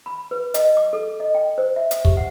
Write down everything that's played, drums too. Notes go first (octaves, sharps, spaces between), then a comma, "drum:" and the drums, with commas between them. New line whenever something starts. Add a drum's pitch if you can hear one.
B5
B4
D#5, drum: hi-hat
D6
A4
D#5
G5
C5
E5
drum: hi-hat
G4, drum: kick
F#5